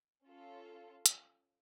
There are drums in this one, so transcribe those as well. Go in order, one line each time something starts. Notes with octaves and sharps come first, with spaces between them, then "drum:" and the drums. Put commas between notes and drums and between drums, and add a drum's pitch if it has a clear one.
C#4 F4 A4
drum: hi-hat